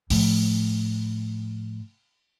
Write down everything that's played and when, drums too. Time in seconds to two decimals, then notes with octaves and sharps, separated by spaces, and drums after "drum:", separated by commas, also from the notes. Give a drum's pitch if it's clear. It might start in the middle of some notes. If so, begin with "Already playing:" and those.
0.10 A2 F3, drum: open hi-hat